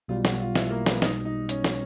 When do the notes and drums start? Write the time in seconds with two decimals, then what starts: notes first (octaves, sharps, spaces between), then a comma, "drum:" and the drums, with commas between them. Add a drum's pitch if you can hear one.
0.08 B1 B2 G3 F4
0.25 F#4, drum: snare
0.40 F4
0.55 E4, drum: snare
0.71 A#3
0.86 B3, drum: snare
1.02 D#4, drum: snare
1.25 D#4
1.49 C#4, drum: hi-hat
1.64 drum: snare